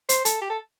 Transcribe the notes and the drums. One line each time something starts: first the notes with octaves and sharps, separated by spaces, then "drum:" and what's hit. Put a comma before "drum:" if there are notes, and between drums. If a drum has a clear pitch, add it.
C5, drum: hi-hat
A4, drum: hi-hat
G4
A4